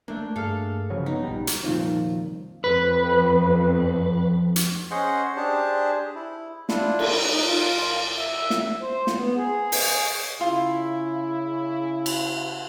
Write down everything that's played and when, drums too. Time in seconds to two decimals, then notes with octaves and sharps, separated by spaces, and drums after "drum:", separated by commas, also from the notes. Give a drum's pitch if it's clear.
0.08 A3 A#3 D4
0.36 G2 G#4 A4 F5 F6
0.90 C#3 F3 F#3 C#5
1.06 B3 D#4
1.23 A#1 B2 G3
1.47 drum: hi-hat
1.64 C2 F2 A#2 D#3 C4 F4
2.64 F2 B4
4.56 drum: hi-hat
4.91 C#4 G#4 C5 D#5 F#5 C6
5.37 D4 G4 G#4 C5 A5
6.16 E4
6.69 D4 E4 F4, drum: snare
6.99 drum: cymbal
7.30 D#4
7.44 F4
8.19 E5
8.50 drum: snare
8.82 C5
9.07 drum: snare
9.16 B3
9.36 G#4
9.72 drum: open hi-hat
10.41 C#3 E4 F4
12.06 drum: cymbal